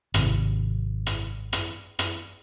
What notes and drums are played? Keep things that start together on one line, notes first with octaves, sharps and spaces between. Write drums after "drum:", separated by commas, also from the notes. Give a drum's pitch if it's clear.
G#1 C3, drum: rim click
drum: rim click
drum: rim click
drum: rim click